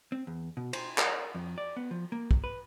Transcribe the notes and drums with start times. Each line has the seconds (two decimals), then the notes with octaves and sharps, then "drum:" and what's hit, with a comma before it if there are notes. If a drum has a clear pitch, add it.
0.12 C4
0.27 E2
0.57 B2
0.73 C5, drum: cymbal
0.98 A#4, drum: clap
1.35 F2
1.58 D5
1.77 B3
1.91 F3
2.12 A#3
2.31 drum: kick
2.44 B4